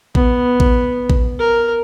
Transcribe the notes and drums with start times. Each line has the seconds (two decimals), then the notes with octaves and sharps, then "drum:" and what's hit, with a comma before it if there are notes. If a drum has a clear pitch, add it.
0.15 B3, drum: kick A1
0.60 drum: kick A1
1.10 drum: kick A1
1.39 A#4